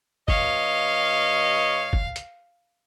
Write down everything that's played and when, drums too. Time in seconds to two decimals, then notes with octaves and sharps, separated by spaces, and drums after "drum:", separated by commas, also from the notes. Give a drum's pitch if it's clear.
0.28 G2 C#5 D#5 F5, drum: kick
1.93 drum: kick
2.16 drum: hi-hat